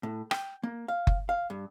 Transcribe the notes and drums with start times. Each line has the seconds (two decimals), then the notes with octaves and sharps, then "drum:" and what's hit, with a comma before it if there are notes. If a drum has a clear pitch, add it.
0.03 A2
0.31 G5, drum: rim click
0.63 A#3
0.88 F5
1.07 drum: kick F#1
1.29 F5
1.50 G2